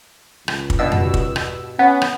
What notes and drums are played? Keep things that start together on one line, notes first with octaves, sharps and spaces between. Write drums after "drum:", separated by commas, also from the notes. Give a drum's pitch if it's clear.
C#2, drum: rim click
drum: kick
G2 B2 E6
drum: tom F2
drum: kick
drum: rim click
B3 C#4
drum: rim click